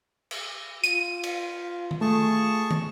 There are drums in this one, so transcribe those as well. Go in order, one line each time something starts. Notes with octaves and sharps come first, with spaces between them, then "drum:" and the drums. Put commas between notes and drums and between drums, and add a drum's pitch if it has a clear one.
drum: cymbal
F4 D#7, drum: hi-hat
drum: cymbal
drum: tom D#3
A3 G#4 A5 C#6
drum: tom